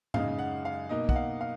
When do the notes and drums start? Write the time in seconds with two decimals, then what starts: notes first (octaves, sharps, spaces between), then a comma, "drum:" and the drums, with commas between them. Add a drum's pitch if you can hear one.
0.14 F#2 C#3 G#3 D#4 F5, drum: tom A2
0.39 F#5
0.65 F5
0.89 B2 A#3 D#4 D#5
1.09 F#5, drum: kick
1.16 F5
1.41 F5